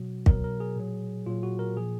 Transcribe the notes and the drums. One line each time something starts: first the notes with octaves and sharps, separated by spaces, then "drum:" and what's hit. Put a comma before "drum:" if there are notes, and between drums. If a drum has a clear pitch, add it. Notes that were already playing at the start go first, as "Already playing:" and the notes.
Already playing: B2 F#3 F#4
B2 F#3 A#4, drum: kick
A#4
G#4
A#2 F#3
A#2 F#3 F4
F#4
A#4
A#2 F3 G#4